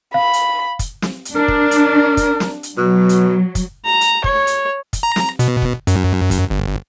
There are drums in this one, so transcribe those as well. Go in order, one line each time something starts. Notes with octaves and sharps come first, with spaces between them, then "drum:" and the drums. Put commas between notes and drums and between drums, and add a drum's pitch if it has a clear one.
F5 B5
drum: hi-hat
drum: kick, hi-hat
drum: snare
drum: hi-hat
D4 A#4
drum: kick
drum: hi-hat
drum: kick, hi-hat
drum: snare
drum: hi-hat
B2 F#3
drum: hi-hat
drum: kick, hi-hat
A#5
drum: hi-hat
C#5, drum: kick
drum: hi-hat
drum: kick, hi-hat
A#5
drum: snare
B2, drum: hi-hat
drum: kick
F#2, drum: hi-hat
drum: kick, hi-hat
G1